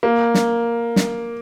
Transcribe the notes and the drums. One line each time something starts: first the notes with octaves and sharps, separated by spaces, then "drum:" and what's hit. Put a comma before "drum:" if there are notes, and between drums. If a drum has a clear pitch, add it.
A#3
drum: snare
drum: snare